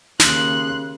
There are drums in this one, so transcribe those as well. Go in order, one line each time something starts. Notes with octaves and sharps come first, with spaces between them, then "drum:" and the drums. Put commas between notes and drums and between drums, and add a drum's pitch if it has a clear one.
D#2 C#3 C6 F#6, drum: snare